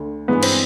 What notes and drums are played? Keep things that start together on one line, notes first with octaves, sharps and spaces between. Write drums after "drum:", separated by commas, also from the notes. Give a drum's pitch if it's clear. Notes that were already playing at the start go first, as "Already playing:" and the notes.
Already playing: D2 D3
G2 E3 G#3 B3
C4, drum: cymbal